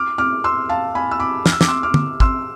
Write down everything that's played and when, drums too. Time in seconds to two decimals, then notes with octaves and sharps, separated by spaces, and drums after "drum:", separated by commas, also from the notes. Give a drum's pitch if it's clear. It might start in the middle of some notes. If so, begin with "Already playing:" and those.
Already playing: D6 F6
0.18 D6 F6
0.44 C6 E6
0.69 F5 A5
0.95 G#5 B5
1.11 E6
1.20 B5 D6
1.46 F6, drum: snare
1.52 E6
1.61 D6, drum: snare
1.68 C6 E6
1.83 D6 F6
1.94 drum: tom D3
2.20 C6 E6, drum: kick